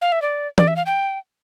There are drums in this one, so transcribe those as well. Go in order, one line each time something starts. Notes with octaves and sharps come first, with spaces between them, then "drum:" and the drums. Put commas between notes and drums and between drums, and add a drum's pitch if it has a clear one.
F5
E5
D5
D5, drum: tom E3
E5
F5
G5